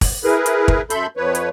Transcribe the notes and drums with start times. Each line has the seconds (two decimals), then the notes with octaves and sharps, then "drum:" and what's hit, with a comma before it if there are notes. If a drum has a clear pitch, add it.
0.01 drum: kick, open hi-hat
0.24 E4 G#4 A#4 B4
0.46 drum: hi-hat
0.68 drum: kick
0.90 F#2 A4 E5 B5 C6 G6, drum: hi-hat
1.17 F2 F3 B4 C#5
1.35 drum: hi-hat